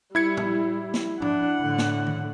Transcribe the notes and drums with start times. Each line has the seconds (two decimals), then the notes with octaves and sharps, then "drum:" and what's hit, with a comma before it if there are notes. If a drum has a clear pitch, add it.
0.15 G3 E4 G#6 C#7
0.37 drum: tom
0.94 drum: snare
1.22 D4 F#5, drum: tom
1.61 A2 D3
1.78 drum: snare
2.07 drum: tom D#3